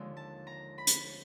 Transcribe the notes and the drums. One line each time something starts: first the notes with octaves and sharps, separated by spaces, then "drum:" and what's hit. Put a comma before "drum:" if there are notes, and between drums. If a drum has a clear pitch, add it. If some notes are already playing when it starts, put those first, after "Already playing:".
Already playing: D#2 D3 F3 G#3
A5
A#5
B5
drum: hi-hat